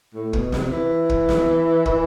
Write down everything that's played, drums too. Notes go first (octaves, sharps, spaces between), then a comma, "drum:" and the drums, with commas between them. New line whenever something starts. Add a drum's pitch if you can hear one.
A2
B2, drum: kick
C3, drum: snare
E3
drum: kick
drum: snare
E3, drum: kick